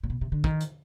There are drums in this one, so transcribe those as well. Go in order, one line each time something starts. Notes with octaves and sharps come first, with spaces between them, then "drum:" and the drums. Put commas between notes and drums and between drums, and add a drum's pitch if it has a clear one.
A#2
B2
C3
D3
D#3, drum: kick
drum: hi-hat